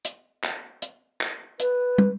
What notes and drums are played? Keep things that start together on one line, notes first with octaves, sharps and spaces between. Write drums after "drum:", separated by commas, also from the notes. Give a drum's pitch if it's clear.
drum: hi-hat
drum: clap
drum: hi-hat
drum: clap
B4, drum: hi-hat
drum: tom